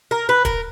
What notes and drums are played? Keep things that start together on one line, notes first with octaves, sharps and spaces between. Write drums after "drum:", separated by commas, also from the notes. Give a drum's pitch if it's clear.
A#4
B4
A#4, drum: kick, hi-hat